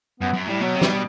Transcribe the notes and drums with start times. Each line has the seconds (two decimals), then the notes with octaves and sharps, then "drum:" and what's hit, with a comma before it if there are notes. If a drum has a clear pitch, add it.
0.20 F#2 B3
0.34 F#2
0.47 A2 G3
0.61 B2 F#3
0.75 C3
0.81 G3, drum: snare
0.88 B2